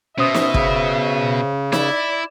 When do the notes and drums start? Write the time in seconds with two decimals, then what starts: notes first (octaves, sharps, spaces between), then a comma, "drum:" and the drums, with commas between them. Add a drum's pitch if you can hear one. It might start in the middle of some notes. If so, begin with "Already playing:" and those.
0.18 B2 C#4 C5 E5 D#6
0.34 drum: snare
0.54 C#3, drum: kick
1.72 E4 D5, drum: snare